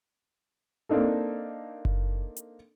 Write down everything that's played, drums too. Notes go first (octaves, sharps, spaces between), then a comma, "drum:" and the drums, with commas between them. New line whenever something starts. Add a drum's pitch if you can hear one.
A#3 C4 D4 D#4 A4
drum: kick F#1
drum: hi-hat